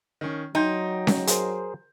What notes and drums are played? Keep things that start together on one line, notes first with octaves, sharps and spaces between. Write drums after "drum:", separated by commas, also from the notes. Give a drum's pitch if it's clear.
D#3 C#4
F#3 D#4 G5 C6 G6
drum: snare C#4
G#4 A#4 C5, drum: hi-hat